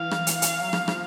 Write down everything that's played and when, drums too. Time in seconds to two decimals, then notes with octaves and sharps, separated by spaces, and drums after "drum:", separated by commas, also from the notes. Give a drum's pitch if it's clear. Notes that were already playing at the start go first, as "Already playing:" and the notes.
Already playing: E3 F5
0.11 drum: rim click
0.27 drum: hi-hat
0.42 drum: hi-hat
0.61 F#3
0.73 F3, drum: rim click
0.88 drum: rim click